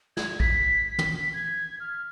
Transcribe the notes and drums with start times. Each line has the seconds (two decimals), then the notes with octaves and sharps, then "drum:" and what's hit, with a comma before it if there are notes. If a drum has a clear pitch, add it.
0.17 G#6, drum: snare
0.40 B6, drum: kick
0.87 B6
0.99 drum: tom
1.34 G#6
1.80 F6